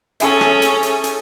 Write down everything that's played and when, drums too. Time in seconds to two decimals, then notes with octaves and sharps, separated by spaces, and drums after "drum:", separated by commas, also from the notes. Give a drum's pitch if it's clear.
0.20 C#4 E4 G#4 A4, drum: hi-hat
0.41 drum: rim click
0.62 drum: hi-hat
0.83 drum: hi-hat
1.04 drum: hi-hat